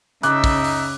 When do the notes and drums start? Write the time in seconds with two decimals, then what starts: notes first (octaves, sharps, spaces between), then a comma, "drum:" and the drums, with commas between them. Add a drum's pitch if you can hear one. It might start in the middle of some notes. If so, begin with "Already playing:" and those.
0.23 C#3 D#4 E5 D6 F#6, drum: hi-hat
0.44 drum: kick, open hi-hat
0.64 drum: open hi-hat